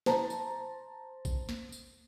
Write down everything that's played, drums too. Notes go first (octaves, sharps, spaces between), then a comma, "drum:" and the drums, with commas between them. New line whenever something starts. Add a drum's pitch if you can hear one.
C5 A5 A#5, drum: snare
drum: tambourine
drum: kick A#1, tambourine
drum: snare
drum: tambourine